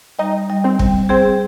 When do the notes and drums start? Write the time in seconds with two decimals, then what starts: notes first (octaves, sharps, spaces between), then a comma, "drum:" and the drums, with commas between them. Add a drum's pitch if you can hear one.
0.19 G3 D#4 D#5
0.50 G3
0.64 C4 C5
0.79 G3, drum: kick
1.09 C4 G#4 C5